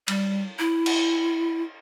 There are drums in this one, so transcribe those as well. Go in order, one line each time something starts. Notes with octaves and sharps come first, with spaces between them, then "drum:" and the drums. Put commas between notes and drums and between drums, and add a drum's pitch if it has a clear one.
G3, drum: cymbal
E4
drum: cymbal